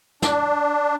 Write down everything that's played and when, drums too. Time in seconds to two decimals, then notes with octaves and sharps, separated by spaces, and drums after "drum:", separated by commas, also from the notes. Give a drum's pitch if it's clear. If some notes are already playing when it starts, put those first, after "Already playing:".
0.22 D4, drum: snare